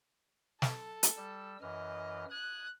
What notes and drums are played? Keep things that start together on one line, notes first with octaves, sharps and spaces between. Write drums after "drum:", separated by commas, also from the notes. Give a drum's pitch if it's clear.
A4, drum: snare
drum: hi-hat
G3 E6
F#2 E3 D#5 F6
D#6 F#6 G#6